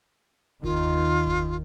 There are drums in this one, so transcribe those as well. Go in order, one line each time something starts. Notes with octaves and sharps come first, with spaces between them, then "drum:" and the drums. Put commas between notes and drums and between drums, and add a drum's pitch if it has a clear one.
D#2 D#3 F4, drum: kick F#1
drum: kick F#1